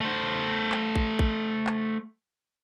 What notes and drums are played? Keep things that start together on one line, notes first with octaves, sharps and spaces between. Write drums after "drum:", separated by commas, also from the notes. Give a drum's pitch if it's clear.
A3 C5
drum: clap
drum: kick A1
drum: kick A1
drum: clap